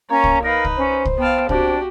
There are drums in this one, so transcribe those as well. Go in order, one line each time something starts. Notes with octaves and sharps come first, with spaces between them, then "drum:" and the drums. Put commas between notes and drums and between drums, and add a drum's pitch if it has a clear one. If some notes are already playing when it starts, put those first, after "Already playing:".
A#3 C#4 C#5 A#5
drum: kick C2
D#4 A#4 B4 F5
drum: kick C2
C#4 C5
drum: kick C2
B3 F5 G5 A5
C4 D4 F#4 G4, drum: kick C2